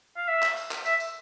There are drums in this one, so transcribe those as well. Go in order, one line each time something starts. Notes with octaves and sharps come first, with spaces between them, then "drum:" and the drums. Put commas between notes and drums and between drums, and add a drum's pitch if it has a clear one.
F5
E5
drum: clap
drum: tambourine
drum: clap
E5, drum: tambourine
drum: tambourine